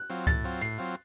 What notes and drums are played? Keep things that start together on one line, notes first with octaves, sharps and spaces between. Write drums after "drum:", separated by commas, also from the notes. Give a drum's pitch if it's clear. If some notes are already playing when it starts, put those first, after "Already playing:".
Already playing: F#6
F#3 C4 F4
A2 A6, drum: kick C#2, hi-hat
F#3 C4 F4
A2 C7, drum: hi-hat
F#3 C4 F4